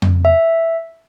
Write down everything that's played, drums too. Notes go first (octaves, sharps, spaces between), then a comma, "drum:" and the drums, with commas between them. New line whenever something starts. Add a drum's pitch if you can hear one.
drum: tom F2
E5